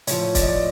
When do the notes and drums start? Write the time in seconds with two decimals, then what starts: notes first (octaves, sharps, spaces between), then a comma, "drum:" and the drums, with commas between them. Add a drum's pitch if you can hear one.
0.07 A2 F3 C#5, drum: hi-hat
0.35 D5, drum: kick C#1, hi-hat
0.42 D#5
0.49 D5